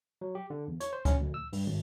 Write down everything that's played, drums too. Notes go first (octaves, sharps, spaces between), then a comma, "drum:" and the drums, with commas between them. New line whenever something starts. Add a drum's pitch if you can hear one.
F#3
G4
D3
E2
C#5, drum: hi-hat
C5
C#4, drum: kick C#2, hi-hat
D2
E6
G2, drum: open hi-hat
G#1